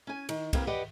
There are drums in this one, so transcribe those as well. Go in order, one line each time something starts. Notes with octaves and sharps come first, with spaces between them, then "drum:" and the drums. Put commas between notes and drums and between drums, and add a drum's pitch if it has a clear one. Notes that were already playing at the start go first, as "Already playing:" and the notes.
C#4 G#5
D#3, drum: cymbal
A#3 C4 G4 A#4 B4, drum: kick C2, cymbal
G4 B4 D5 D#5 F#5